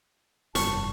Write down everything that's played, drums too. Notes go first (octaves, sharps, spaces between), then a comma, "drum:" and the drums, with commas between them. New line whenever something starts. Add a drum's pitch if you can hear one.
F1 G2 A5 C#6, drum: open hi-hat